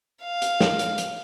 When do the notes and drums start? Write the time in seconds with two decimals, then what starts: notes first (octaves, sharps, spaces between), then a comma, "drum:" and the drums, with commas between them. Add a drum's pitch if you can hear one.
0.23 F5
0.42 drum: hi-hat
0.60 drum: snare
0.79 drum: hi-hat
0.98 drum: hi-hat